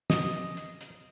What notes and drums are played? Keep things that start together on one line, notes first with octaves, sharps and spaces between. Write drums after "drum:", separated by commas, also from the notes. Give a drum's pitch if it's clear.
D#5, drum: snare
drum: hi-hat
drum: hi-hat
drum: hi-hat